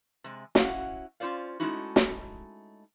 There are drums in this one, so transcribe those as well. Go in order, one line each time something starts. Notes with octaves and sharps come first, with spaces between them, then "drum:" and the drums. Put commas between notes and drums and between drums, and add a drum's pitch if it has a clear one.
C3 G#3
C#4 E4 F#4 C5 F5 F#5, drum: snare
C#4 F4 F#4 C5 D5 F5
G#3 A3 C#4 D#4 E4 F#4
drum: snare